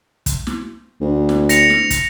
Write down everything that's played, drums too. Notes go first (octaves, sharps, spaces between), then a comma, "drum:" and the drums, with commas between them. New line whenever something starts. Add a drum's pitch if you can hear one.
drum: kick, hi-hat
drum: snare
D2
drum: snare
A#6 C#7 F7, drum: hi-hat
drum: snare
drum: kick, hi-hat